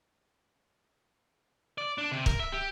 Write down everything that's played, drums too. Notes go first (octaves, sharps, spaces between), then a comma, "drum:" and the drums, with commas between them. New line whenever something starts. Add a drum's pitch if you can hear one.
D5
D4
C3
A#4, drum: kick
E5
G4